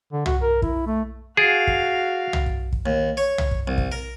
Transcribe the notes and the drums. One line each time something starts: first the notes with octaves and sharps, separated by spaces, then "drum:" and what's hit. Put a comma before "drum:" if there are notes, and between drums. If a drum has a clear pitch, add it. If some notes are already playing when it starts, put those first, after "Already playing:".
D3
F#4, drum: tom
A#4
E4, drum: kick
A3
F#4 G#4 F5 A6 C7 D7
drum: kick
drum: tom
drum: kick
drum: kick
D#2
C#5
drum: tom
drum: kick
C2
drum: kick
A#4